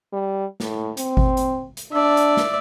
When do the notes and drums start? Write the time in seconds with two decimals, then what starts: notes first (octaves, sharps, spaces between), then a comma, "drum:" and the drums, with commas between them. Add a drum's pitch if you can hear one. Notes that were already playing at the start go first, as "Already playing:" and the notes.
0.13 G3
0.60 A2, drum: snare
0.97 C4, drum: hi-hat
1.17 drum: kick G#1
1.37 drum: hi-hat
1.77 drum: hi-hat
1.92 D4 D5 E5
2.17 drum: hi-hat
2.37 drum: snare